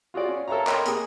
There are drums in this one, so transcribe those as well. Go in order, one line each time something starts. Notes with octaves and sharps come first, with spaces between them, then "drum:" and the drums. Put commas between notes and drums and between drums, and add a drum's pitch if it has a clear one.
F4 F#4 G#4 D5
C#4
A4 A#4 C#5 E5 F5 A#5
A#4 C#5 D#5 G5 B5 C6, drum: clap
A#3 G#4, drum: hi-hat